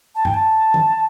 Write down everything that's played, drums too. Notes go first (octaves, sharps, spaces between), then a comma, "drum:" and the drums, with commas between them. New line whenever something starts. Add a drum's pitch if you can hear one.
A5
G5, drum: tom F#2
A5
drum: tom